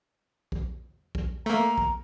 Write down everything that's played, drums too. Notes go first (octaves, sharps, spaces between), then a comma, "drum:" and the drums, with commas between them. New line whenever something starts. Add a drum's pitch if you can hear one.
drum: kick
drum: kick
A3 A#3 A#5
drum: kick